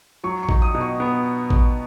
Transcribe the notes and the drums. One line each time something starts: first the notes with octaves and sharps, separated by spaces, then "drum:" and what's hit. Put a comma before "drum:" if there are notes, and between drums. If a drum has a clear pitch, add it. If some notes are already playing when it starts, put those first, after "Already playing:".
F#3 C#6
C#6
D#4, drum: kick A1
D#6
B2
C#6
B3
drum: kick A1